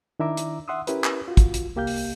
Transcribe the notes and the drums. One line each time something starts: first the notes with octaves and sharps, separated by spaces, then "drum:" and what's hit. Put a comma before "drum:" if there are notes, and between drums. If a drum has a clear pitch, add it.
D#3 D4 E4 E5 A#5 D6
drum: hi-hat
E5 F#5 C6 D#6 E6
C#4 E4 G4 A#4 B4, drum: hi-hat
drum: clap
F4 F#4
drum: kick, hi-hat
drum: hi-hat
C2 A#3 G4 F5 G6
drum: open hi-hat